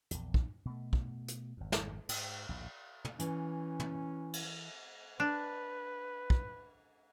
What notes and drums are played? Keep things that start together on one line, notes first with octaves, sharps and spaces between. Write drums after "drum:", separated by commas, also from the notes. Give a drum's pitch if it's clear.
A#1 E2, drum: hi-hat
drum: kick
B2 A3
drum: kick
drum: hi-hat
G#1 F2
drum: snare
G#2, drum: cymbal
A#1 D#2 A2
drum: tom
E3 C#4, drum: hi-hat
drum: tom
drum: cymbal
D4 B4
drum: kick